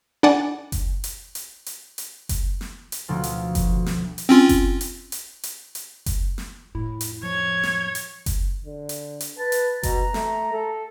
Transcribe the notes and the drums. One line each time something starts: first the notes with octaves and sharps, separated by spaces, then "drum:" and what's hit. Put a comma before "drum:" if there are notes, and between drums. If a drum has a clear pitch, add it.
D4 D5 F#5 G#5
drum: kick F#1, hi-hat
drum: hi-hat
drum: hi-hat
drum: hi-hat
drum: hi-hat
drum: kick F#1, hi-hat
drum: snare
drum: hi-hat
D2 B2 F3
drum: hi-hat
drum: kick F#1, hi-hat
drum: snare
drum: hi-hat
C4 C#4 F4
drum: kick F#1, hi-hat
drum: hi-hat
drum: hi-hat
drum: hi-hat
drum: hi-hat
drum: kick F#1, hi-hat
drum: snare
F2 A2 E4
drum: hi-hat
F3 C#5 G#6
drum: snare
drum: hi-hat
drum: kick F#1, hi-hat
D3
drum: hi-hat
drum: hi-hat
B4 A5
drum: hi-hat
B2 A#5, drum: kick F#1, hi-hat
A3, drum: snare
A4